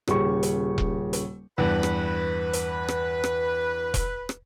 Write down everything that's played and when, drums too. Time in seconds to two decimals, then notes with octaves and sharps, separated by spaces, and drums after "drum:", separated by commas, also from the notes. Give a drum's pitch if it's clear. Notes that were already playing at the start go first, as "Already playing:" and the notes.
0.08 D#1 C#3 G4 C#6, drum: rim click
0.43 drum: hi-hat
0.78 drum: kick E1
1.13 drum: hi-hat
1.58 E2 G2 B4
1.83 drum: rim click
2.53 drum: hi-hat
2.88 drum: rim click
3.24 drum: rim click
3.94 drum: kick E1, hi-hat
4.29 drum: rim click